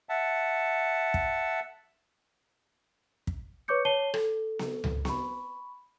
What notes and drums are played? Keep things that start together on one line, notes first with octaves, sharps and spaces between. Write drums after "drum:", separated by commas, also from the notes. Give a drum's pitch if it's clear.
E5 F#5 A5
drum: kick
drum: kick
B4 C#5 C#6 D6 G6 C#7
C#5 A5 C7 D#7 G7
A4, drum: rim click
drum: snare B3
drum: tom C#2
B5 C#6, drum: snare B3